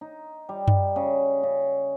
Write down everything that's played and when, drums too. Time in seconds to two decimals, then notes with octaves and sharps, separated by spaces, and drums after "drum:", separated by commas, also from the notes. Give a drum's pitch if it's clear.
0.01 D#4
0.49 G3
0.68 drum: tom F#2
0.96 C#3
1.43 C#3